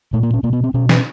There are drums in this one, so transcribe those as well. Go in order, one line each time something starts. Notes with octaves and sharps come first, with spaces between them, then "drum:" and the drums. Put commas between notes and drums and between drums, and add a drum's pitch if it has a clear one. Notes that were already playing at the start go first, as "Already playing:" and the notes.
A#2 A3
A#3
C#4
B2 A#3
B3
C4
B2 C#4
C#4, drum: snare